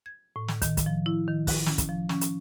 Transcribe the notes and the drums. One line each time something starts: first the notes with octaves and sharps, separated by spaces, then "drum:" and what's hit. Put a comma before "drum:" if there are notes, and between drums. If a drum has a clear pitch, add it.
G#6
A2
drum: snare
D#3, drum: kick, hi-hat
drum: kick, hi-hat
F3
E4
D#3
F#6, drum: kick, open hi-hat
C#4, drum: snare
drum: kick, hi-hat
F3
C#4, drum: snare
drum: hi-hat